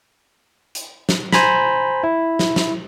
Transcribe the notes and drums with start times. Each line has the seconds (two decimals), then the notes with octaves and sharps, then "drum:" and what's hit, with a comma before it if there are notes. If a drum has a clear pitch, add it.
0.75 drum: hi-hat
1.09 drum: snare
1.33 C5 G#5 A#5 B5, drum: snare
2.04 E4
2.39 drum: snare
2.56 drum: snare